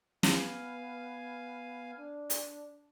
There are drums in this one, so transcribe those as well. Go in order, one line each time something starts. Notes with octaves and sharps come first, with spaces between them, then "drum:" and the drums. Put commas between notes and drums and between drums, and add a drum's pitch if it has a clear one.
B3 F5 G#5, drum: snare
D4
drum: hi-hat